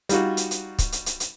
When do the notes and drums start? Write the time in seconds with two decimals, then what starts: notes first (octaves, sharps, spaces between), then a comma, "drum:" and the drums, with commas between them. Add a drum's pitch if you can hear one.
0.09 G3 D#4 F4 F#4, drum: hi-hat
0.37 drum: hi-hat
0.51 drum: hi-hat
0.79 drum: kick C#1, hi-hat
0.92 drum: hi-hat
1.06 drum: hi-hat
1.20 drum: hi-hat